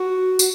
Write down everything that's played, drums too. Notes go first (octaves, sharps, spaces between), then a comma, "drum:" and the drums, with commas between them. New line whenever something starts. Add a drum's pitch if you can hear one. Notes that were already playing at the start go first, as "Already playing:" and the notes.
Already playing: F#4
drum: tambourine